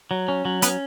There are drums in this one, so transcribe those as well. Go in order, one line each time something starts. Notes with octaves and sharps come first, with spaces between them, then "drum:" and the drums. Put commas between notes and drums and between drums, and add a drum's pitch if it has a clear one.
F#3
C#4
F#3
B3 C#4 B4, drum: hi-hat